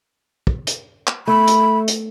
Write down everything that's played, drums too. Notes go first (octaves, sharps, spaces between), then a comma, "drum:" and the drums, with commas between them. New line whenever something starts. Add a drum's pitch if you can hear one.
drum: kick
drum: hi-hat
drum: clap
A3 B5
drum: hi-hat
drum: hi-hat